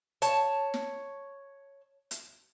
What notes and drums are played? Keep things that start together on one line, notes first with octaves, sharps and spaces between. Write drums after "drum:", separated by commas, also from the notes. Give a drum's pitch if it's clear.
C#5 A5, drum: hi-hat
drum: snare
drum: hi-hat